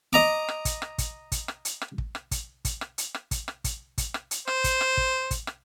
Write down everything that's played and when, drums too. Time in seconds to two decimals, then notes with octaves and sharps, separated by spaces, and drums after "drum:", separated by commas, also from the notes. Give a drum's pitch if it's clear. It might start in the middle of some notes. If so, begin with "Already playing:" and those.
0.13 D#5 A#5 D6
0.49 drum: rim click
0.65 drum: kick, hi-hat
0.82 drum: rim click
0.98 drum: kick, hi-hat
1.32 drum: kick, hi-hat
1.48 drum: rim click
1.65 drum: hi-hat
1.82 drum: rim click
1.98 drum: kick
2.15 drum: rim click
2.31 drum: kick, hi-hat
2.65 drum: kick, hi-hat
2.81 drum: rim click
2.98 drum: hi-hat
3.15 drum: rim click
3.31 drum: kick, hi-hat
3.48 drum: rim click
3.64 drum: kick, hi-hat
3.98 drum: kick, hi-hat
4.14 drum: rim click
4.31 drum: hi-hat
4.48 C5, drum: rim click
4.64 drum: kick, hi-hat
4.81 drum: rim click
4.97 drum: kick
5.31 drum: kick, hi-hat
5.47 drum: rim click